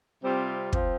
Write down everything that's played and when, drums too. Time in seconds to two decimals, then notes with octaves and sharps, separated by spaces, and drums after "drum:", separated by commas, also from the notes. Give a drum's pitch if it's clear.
0.21 C3 G3 C4 F4
0.73 F3 C4, drum: kick